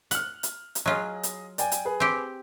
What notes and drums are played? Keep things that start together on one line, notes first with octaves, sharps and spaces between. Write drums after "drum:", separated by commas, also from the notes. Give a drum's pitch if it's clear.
F#5 F6 F#7, drum: hi-hat
drum: hi-hat
drum: hi-hat
F#3 F4 G#4 D#5
drum: hi-hat
D5 G5 G#5, drum: hi-hat
drum: hi-hat
G#4 B4
C4 G4